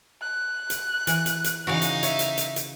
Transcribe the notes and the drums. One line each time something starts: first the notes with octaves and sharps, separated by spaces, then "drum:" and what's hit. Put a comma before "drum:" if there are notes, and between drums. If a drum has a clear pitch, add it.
F#6
drum: hi-hat
E3 G#5, drum: hi-hat
drum: hi-hat
drum: hi-hat
C#3 E3 D#4 F#4 F5
drum: hi-hat
C#5 E5, drum: hi-hat
drum: hi-hat
drum: hi-hat
drum: hi-hat